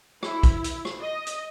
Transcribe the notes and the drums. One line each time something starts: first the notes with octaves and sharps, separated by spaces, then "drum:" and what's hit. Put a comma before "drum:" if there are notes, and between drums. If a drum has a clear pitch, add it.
E4, drum: rim click
drum: kick, hi-hat
drum: hi-hat
drum: rim click
D#5
drum: hi-hat